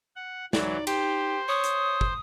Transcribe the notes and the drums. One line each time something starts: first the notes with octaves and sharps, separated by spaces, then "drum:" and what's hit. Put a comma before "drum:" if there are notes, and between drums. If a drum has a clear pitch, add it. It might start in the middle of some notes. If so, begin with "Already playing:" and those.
F#5
E3 F#3 D#4 D5, drum: snare
G4 C5, drum: cymbal
C#5 D#6
drum: hi-hat
drum: kick